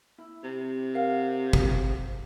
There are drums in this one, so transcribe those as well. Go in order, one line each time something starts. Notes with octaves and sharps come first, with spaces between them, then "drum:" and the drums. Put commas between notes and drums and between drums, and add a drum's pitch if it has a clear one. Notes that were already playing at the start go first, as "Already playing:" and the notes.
E4
C3
A#4 F5 F#5
drum: kick